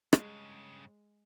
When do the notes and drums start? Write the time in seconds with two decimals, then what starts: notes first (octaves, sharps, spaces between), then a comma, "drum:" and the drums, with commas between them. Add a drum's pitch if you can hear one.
0.13 G2 C#3 G#3, drum: rim click